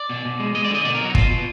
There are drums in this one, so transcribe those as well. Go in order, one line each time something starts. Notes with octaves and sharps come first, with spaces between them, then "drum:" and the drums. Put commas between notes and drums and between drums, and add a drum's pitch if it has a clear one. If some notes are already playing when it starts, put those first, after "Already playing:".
Already playing: D5
B2
B2
G#3
G#3 D#5
D5
D3 D#5
B2 D5
A#4
F#3
F#4
D#4
B2 F4, drum: kick
B2